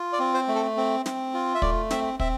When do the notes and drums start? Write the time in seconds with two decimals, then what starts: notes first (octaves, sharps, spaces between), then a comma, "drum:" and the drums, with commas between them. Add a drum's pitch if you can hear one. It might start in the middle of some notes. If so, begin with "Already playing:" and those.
Already playing: F4
0.13 D5
0.19 C4
0.34 C5
0.48 A3
0.55 A4
0.77 C4
1.06 C4, drum: snare
1.34 F4
1.55 E5
1.62 A3 D5, drum: kick
1.91 C4 E5, drum: snare
2.20 C4 E5, drum: kick